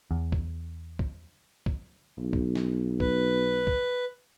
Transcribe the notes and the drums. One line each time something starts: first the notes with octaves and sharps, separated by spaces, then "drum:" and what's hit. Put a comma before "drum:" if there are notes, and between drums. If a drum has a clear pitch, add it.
E2
drum: kick
drum: kick
drum: kick
B1
drum: kick
drum: snare
B4, drum: kick
drum: kick